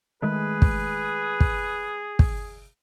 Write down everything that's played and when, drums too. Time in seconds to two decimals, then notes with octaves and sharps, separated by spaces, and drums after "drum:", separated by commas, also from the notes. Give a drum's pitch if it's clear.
0.22 D#3 G#3 A3 G#4 B4
0.62 drum: kick
1.40 drum: kick
2.19 drum: kick